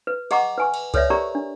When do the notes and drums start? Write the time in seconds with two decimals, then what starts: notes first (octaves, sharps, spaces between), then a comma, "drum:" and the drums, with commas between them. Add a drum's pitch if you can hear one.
0.07 B4
0.31 G#4 D#5 F#5 A#5 C#6 D6, drum: cymbal
0.58 B4 G#5 C#6
0.74 drum: cymbal
0.94 A4 B4 C#5 D5 E5, drum: kick C#2, cymbal
1.10 G4 A#4 D5 A#5 C#6
1.35 D4